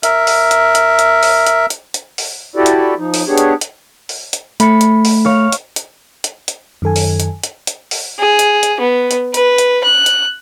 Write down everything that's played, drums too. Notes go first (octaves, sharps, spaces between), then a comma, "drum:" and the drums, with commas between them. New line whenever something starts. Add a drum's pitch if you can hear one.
A#4 E5, drum: hi-hat
drum: open hi-hat
drum: hi-hat
drum: hi-hat
drum: hi-hat
drum: open hi-hat
drum: hi-hat
drum: hi-hat
drum: hi-hat
drum: open hi-hat
E4 F#4 G4 A4 D5
drum: hi-hat
F3 D#4
drum: open hi-hat
B3 D4 G4 G#4 C#5
drum: hi-hat
drum: hi-hat
drum: open hi-hat
drum: hi-hat
A3 B5 C#7, drum: hi-hat
drum: hi-hat
drum: open hi-hat
C#5 F5
drum: hi-hat
drum: hi-hat
drum: hi-hat
drum: hi-hat
F#2 D#3 A4 G#5
drum: open hi-hat
drum: hi-hat
drum: hi-hat
drum: hi-hat
drum: open hi-hat
G#4
drum: hi-hat
drum: hi-hat
B3
drum: hi-hat
B4, drum: hi-hat
drum: hi-hat
F#6
drum: hi-hat